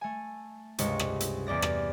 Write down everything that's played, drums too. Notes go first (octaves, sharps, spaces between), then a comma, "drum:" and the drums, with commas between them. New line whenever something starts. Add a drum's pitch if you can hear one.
A3 G#5
C#2 G2 C3 D#5 C#6, drum: hi-hat
drum: rim click
drum: hi-hat
E2 G4 D5 A#6
drum: rim click